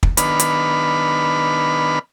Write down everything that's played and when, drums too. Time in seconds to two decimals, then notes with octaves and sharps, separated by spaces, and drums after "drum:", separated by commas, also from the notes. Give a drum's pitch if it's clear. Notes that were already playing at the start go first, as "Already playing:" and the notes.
0.03 drum: kick
0.17 D#3 B3 D4 B4 B5 F6, drum: hi-hat
0.40 drum: hi-hat